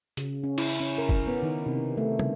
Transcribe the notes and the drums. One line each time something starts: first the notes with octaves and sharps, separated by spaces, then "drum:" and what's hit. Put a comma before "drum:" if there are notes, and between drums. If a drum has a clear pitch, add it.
C#3, drum: hi-hat
C#4
E4, drum: cymbal
C#4
A#4
drum: kick
B3
D#3
C3
A3
C#3, drum: tom